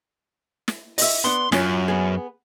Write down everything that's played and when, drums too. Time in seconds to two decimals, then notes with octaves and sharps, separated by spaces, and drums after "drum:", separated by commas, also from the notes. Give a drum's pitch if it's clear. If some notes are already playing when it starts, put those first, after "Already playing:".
0.68 drum: snare
0.98 D#5 E5, drum: open hi-hat
1.24 B3 D4 C6
1.52 F#2 C#4 F4 C#5, drum: snare
1.88 B3 G#4